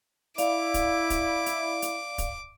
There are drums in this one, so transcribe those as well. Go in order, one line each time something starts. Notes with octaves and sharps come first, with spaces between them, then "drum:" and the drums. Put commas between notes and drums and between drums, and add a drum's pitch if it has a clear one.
E4 D5 F5 D6, drum: hi-hat
drum: kick, hi-hat
drum: kick, hi-hat
drum: hi-hat
drum: hi-hat
drum: kick, hi-hat